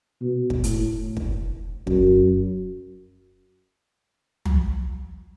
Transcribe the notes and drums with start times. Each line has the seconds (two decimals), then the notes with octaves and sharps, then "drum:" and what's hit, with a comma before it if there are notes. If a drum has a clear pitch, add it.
0.22 B2
0.50 drum: kick
0.64 A2, drum: hi-hat
1.17 drum: kick
1.87 F#2, drum: kick
4.45 drum: tom